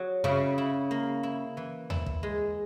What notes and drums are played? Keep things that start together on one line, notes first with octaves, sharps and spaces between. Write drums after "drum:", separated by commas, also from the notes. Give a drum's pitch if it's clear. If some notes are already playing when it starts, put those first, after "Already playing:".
Already playing: F#3 G#4
C#3 E4
E4
A#3
E4
E3
E4, drum: tom D#2
drum: kick
G#3